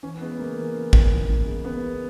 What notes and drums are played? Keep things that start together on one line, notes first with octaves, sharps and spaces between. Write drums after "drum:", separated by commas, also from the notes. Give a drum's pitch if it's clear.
E3 C#4
G#3 B3
C#3 A#3
E3
C#3
C#3, drum: kick
E3
C#3
G#3
C#3 B3
C#3